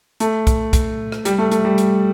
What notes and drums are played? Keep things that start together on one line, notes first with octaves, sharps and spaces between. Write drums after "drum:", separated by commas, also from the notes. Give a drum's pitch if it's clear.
A3, drum: hi-hat
drum: kick B1, hi-hat
drum: kick B1, hi-hat
drum: rim click
G3, drum: hi-hat
A3
A3, drum: hi-hat
G3
drum: hi-hat